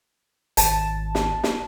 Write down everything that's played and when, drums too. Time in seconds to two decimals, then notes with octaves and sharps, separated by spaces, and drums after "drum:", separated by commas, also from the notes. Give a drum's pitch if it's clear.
0.57 G#1 A5, drum: hi-hat
1.15 drum: snare
1.44 drum: snare